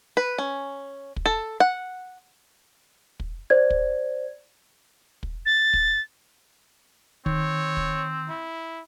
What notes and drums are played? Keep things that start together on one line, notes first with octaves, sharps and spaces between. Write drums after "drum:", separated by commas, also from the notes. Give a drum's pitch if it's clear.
B4
C#4
drum: kick
A4
F#5
drum: kick
C5 D5 G#6
drum: kick
drum: kick
A6
drum: kick
D#3 C4 C#5, drum: kick
drum: kick
E4